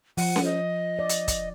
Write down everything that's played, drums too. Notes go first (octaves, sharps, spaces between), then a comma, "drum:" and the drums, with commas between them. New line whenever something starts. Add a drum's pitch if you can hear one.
F3 F#5, drum: open hi-hat
drum: snare C#4
D#5
D5
drum: hi-hat
drum: kick, hi-hat